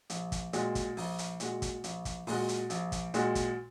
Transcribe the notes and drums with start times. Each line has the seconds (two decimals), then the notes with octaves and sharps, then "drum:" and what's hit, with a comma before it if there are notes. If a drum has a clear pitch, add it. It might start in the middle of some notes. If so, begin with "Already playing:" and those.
0.10 A#1, drum: hi-hat
0.32 drum: kick, hi-hat
0.53 A#2 G#3 F#4, drum: hi-hat
0.75 drum: kick, hi-hat
0.97 A#1, drum: open hi-hat
1.19 drum: hi-hat
1.40 A#2 G#3 F#4, drum: hi-hat
1.62 drum: kick, hi-hat
1.84 A#1, drum: hi-hat
2.05 drum: kick, hi-hat
2.27 A#2 G#3 F#4, drum: open hi-hat
2.49 drum: hi-hat
2.70 A#1, drum: hi-hat
2.92 drum: kick, hi-hat
3.14 A#2 G#3 F#4, drum: hi-hat
3.35 drum: kick, hi-hat